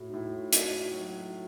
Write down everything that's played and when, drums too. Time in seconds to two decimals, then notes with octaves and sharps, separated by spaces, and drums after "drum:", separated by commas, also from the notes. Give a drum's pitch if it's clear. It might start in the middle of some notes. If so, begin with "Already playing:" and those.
Already playing: A2 F#4
0.09 D#4
0.14 A2 E4
0.33 F4
0.53 A3 F#4, drum: hi-hat
0.92 F#3